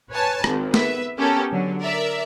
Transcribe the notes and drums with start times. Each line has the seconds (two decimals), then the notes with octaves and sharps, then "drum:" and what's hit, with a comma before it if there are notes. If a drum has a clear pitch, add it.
0.11 B4 C#5 G#5 A5
0.44 G#1 C4, drum: rim click
0.74 B3 B4 E5, drum: snare
1.18 B3 C#4 G4 A4 A#4
1.52 D3 F#3
1.81 A#4 D5 E5